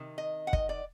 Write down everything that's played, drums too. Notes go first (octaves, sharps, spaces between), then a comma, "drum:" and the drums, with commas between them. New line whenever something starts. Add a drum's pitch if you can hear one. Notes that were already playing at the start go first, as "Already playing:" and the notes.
Already playing: C3 D#3
D#5
F#5
D#5, drum: kick
D5